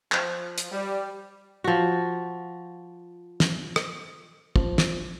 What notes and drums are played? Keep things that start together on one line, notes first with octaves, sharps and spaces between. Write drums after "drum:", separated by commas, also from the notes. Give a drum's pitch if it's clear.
F3, drum: clap
drum: hi-hat
G3
F3 F#4
drum: snare
drum: rim click
F3, drum: kick
drum: snare